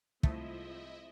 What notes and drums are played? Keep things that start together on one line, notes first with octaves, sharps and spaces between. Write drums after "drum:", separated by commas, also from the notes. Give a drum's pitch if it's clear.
C2 F3 G#3 A3 C4 E4 D#5 E5, drum: kick